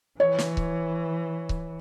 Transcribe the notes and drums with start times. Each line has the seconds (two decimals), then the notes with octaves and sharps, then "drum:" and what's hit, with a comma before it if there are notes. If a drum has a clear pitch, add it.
0.19 E3 C#5
0.38 drum: snare
0.57 drum: kick C#1
1.49 drum: kick C#1